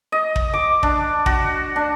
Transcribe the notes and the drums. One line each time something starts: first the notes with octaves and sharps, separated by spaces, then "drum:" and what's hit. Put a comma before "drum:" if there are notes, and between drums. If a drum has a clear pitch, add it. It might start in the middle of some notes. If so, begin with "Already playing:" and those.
D#5
drum: kick
D6
D4, drum: kick
F#4, drum: kick
D4